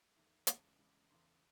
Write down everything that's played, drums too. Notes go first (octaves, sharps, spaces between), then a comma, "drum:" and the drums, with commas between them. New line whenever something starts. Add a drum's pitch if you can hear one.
E2 D#3 A3
E2 C#3 G#3 A5, drum: hi-hat
E2 C#3 G#3
E2 C#3 E3 A3 C6